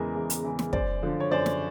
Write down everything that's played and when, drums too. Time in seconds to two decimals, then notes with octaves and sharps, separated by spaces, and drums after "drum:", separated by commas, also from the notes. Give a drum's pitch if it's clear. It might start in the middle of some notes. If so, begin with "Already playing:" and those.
Already playing: E2 C#3 E3 G#3 A#4
0.15 E2
0.30 drum: hi-hat
0.44 C#3 E3 G#3
0.59 drum: snare
0.73 F#2 C5 D5, drum: kick
1.03 D3 F3
1.20 C#5
1.31 F#2 C5 D5
1.46 drum: snare